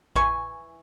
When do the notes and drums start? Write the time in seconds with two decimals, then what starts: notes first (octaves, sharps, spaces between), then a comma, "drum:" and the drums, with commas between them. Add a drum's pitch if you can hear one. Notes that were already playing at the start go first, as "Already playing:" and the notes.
0.16 E3 E4 G#5 C#6, drum: kick A1